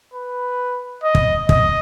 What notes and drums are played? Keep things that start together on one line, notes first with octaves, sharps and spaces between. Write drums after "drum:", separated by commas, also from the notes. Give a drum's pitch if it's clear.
B4
D#5
drum: kick
D#5, drum: kick